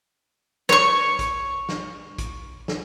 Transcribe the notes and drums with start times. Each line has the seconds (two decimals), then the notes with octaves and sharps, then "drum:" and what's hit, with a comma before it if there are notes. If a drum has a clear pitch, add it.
0.69 C#5 C#6, drum: snare
1.19 drum: kick, hi-hat
1.69 drum: snare
2.18 drum: kick, hi-hat
2.68 drum: snare